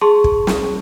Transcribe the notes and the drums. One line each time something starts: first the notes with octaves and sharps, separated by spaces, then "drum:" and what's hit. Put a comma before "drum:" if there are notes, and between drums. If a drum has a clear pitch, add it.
G#4 A5 C6 C#6
drum: kick
drum: snare